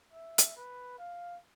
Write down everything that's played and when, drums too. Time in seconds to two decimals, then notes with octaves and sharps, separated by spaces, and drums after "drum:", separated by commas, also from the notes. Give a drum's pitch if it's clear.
0.13 E5
0.38 drum: hi-hat
0.56 B4
0.99 F5